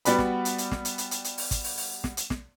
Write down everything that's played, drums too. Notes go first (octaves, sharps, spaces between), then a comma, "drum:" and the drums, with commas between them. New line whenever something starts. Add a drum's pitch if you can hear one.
G3 B3 F#4 D5 B5, drum: hi-hat
drum: snare
drum: hi-hat
drum: hi-hat
drum: snare
drum: hi-hat
drum: hi-hat
drum: hi-hat
drum: hi-hat
drum: open hi-hat
drum: kick, hi-hat
drum: open hi-hat
drum: open hi-hat
drum: snare
drum: hi-hat
drum: snare